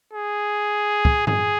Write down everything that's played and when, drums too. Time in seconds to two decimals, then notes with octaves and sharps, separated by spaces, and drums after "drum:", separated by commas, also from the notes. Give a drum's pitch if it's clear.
0.13 G#4
1.05 drum: kick
1.27 G#4, drum: tom G2